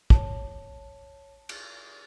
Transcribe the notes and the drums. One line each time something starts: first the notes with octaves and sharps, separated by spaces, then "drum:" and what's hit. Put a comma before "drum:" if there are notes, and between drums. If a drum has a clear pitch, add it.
C#5 A5, drum: kick
drum: cymbal